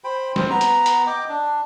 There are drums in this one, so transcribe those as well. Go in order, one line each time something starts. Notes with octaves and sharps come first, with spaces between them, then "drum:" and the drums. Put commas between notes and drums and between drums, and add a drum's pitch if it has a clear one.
C5 G5 B5
C4 C5, drum: snare
B3 A#5
drum: hi-hat
drum: hi-hat
D#5 G5 D6
D4